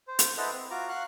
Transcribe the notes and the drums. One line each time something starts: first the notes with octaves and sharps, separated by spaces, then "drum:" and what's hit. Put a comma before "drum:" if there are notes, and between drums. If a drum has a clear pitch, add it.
C5
drum: hi-hat
E4 A4 B4 C5 D#5 F#5
C4
F4 F#4 A#5 D6
F5 F#5 C#6 F#6